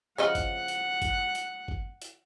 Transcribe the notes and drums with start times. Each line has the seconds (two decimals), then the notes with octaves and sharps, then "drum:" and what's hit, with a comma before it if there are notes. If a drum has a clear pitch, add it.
0.18 C#3 F3 D#5 F#5
0.35 drum: kick G#1, hi-hat
0.68 drum: hi-hat
1.02 drum: kick G#1, hi-hat
1.35 drum: hi-hat
1.68 drum: kick G#1
2.02 drum: hi-hat